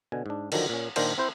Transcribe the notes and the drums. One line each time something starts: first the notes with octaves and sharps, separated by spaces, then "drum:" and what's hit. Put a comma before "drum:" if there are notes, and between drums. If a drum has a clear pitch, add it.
B2 D3 G#5
G#2 D4
D3 D#3 F3 F#3, drum: cymbal
A#2 C#4
A#2 D#3 D4 F4 C5 G5, drum: cymbal
C4 E4 C5